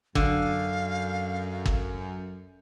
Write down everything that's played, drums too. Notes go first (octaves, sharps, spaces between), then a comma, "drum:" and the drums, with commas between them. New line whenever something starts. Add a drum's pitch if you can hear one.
F#2 D3 F5, drum: kick G1
drum: kick G1